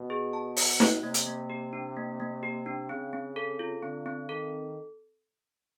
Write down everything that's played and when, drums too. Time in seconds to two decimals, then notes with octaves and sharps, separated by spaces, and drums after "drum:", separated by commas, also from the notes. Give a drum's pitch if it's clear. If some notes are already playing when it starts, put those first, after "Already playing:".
Already playing: B2
0.10 G#4
0.33 A5
0.56 F#5, drum: open hi-hat
0.80 C#5, drum: snare
1.03 C3 A#3
1.14 drum: hi-hat
1.27 A#3
1.50 G4
1.73 D4
1.97 A#3
2.20 A#3
2.43 G4
2.66 D4
2.89 C#3 C4
3.13 C4
3.36 A4
3.59 F4
3.83 D3 C4
4.06 C4
4.29 D#3 A4